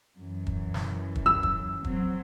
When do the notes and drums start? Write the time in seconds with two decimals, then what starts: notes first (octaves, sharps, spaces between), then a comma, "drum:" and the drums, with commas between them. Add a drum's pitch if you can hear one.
0.17 F#2 E3
0.47 drum: kick
0.74 drum: snare
1.15 drum: kick
1.26 E6
1.43 drum: kick
1.84 F#3 C4, drum: kick